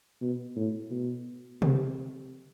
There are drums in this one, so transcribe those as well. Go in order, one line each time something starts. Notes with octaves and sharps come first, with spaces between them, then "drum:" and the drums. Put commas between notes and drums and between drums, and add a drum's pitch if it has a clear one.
B2
A2
B2
C3, drum: tom C3